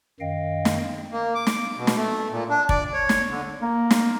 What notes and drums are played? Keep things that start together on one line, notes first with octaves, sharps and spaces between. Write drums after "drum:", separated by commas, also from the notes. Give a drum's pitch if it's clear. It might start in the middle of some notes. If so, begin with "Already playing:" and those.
F#2 D#3 D#5 F5 G5
drum: snare
A#3
D6
drum: snare
B2
drum: snare
A3
A#2
D4
D5, drum: kick
C#5
drum: snare
D3
A#3
drum: snare